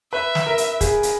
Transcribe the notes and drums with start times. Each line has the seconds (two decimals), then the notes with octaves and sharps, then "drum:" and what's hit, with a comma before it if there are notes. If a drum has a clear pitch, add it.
0.12 B4 E5
0.35 drum: snare
0.46 A#4
0.58 drum: hi-hat
0.81 G#4, drum: kick, hi-hat
1.03 drum: hi-hat